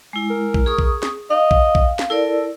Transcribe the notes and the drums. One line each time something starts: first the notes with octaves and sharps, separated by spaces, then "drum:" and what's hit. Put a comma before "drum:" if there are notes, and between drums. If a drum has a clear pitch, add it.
G#3 E4
A#4
drum: kick A#1
G#4 C#6 D#6
drum: kick A#1
drum: snare
D#5 F5
drum: kick A#1
drum: kick A#1
drum: snare
E4 A4 A#4 D5